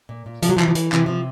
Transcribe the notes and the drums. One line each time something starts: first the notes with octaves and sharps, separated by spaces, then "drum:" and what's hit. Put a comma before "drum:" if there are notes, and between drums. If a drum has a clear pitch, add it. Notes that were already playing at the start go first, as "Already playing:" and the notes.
A#2
A#2
C3 F3, drum: hi-hat
F#3
F3
E3, drum: clap
F3
E3, drum: hi-hat
C3 E3, drum: clap
C3 F3